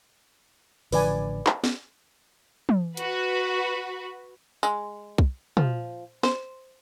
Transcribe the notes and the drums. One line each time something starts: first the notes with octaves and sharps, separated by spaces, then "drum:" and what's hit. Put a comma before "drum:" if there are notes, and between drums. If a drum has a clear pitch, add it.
A1 D3 F3 B4 D5 G#5, drum: open hi-hat
drum: clap
drum: snare
drum: tom
F#4 B4, drum: hi-hat
G#3, drum: tambourine
drum: kick
F3, drum: tom
C5, drum: snare